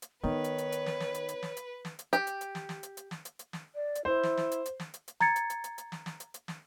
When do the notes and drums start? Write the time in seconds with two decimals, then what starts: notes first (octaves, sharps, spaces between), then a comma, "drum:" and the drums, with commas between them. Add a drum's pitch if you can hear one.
0.02 drum: hi-hat
0.24 D#3 B3 D#4 B4 C#5
0.44 drum: hi-hat
0.58 drum: hi-hat
0.72 drum: hi-hat
0.86 drum: snare
1.00 drum: snare
1.14 drum: hi-hat
1.28 drum: hi-hat
1.43 drum: snare
1.57 drum: hi-hat
1.85 drum: snare
1.99 drum: hi-hat
2.13 G4, drum: hi-hat
2.27 drum: hi-hat
2.41 drum: hi-hat
2.55 drum: snare
2.69 drum: snare
2.83 drum: hi-hat
2.97 drum: hi-hat
3.11 drum: snare
3.25 drum: hi-hat
3.39 drum: hi-hat
3.53 drum: snare
3.75 D5
3.95 drum: hi-hat
4.05 E4 C5
4.23 drum: snare
4.37 drum: snare
4.51 drum: hi-hat
4.66 drum: hi-hat
4.80 drum: snare
4.94 drum: hi-hat
5.08 drum: hi-hat
5.20 A#5 G#6 A6 C#7, drum: snare
5.36 drum: hi-hat
5.50 drum: hi-hat
5.64 drum: hi-hat
5.78 drum: hi-hat
5.92 drum: snare
6.06 drum: snare
6.20 drum: hi-hat
6.34 drum: hi-hat
6.48 drum: snare